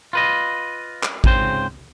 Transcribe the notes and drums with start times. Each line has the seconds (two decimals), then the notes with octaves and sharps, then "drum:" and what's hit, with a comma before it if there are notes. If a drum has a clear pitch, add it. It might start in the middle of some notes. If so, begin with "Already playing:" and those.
0.13 F4 B4 D#5
1.03 drum: clap
1.24 C#2 G#2 C#3 C4 C5, drum: kick A1